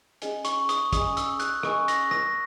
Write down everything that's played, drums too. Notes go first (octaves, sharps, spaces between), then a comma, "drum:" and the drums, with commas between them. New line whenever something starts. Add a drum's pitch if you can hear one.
C#4 G#4 D#5 G#5, drum: hi-hat
C#6, drum: hi-hat
D#6, drum: hi-hat
C#4 G#4 D#5 G#5 D#6, drum: kick, hi-hat
E6, drum: hi-hat
F#6, drum: hi-hat
C#4 G#4 D#5 G#5 C#6, drum: rim click
A#6, drum: hi-hat
A#6, drum: rim click